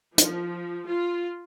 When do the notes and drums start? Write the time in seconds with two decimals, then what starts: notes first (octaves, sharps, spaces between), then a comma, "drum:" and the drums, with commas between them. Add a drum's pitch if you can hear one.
0.18 F3, drum: hi-hat
0.86 F4